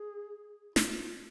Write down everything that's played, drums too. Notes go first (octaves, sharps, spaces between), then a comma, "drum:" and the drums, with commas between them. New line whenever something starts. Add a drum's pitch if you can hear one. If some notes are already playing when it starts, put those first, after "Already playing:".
Already playing: G#4
F4, drum: snare